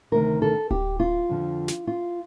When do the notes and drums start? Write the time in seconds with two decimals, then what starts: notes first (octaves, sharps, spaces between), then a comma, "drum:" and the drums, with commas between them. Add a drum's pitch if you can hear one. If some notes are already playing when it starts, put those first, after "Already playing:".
0.12 D2 C3 D#3 A#4
0.42 A4
0.71 G4, drum: kick D1
1.00 F4
1.29 F2 D3 F3
1.68 drum: snare
1.87 F4